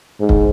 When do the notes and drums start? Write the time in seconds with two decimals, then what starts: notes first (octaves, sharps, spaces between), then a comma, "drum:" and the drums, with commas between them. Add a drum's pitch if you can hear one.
0.20 G#2
0.29 drum: kick C#1